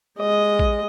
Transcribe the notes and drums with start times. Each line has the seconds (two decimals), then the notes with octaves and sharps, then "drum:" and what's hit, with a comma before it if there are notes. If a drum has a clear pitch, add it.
0.19 G#3 D#5
0.59 drum: kick A1